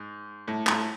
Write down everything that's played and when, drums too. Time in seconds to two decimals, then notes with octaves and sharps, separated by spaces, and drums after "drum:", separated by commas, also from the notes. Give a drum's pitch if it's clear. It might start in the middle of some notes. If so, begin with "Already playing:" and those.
Already playing: G#2
0.48 A2
0.67 A2, drum: clap